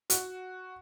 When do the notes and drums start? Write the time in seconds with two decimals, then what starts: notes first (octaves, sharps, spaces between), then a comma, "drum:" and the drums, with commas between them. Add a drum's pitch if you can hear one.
0.10 F#4, drum: hi-hat